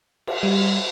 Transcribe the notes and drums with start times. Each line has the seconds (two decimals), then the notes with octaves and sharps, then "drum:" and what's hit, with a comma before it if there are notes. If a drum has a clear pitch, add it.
0.27 drum: cymbal
0.43 G3